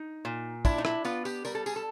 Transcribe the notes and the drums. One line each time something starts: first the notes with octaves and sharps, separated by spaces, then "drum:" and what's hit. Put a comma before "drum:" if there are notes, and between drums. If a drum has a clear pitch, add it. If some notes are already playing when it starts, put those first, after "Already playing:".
Already playing: D#4
A#2
D4 E4, drum: kick, tambourine
D#4
E4, drum: rim click
B3 F4, drum: tambourine
G4, drum: tambourine
G3 A#4, drum: tambourine
A4
G#4, drum: tambourine
A4